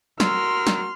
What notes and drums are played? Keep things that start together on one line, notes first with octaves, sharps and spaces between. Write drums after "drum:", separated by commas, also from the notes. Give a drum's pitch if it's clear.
F#4 A#4 C6 E6 F6, drum: snare
drum: snare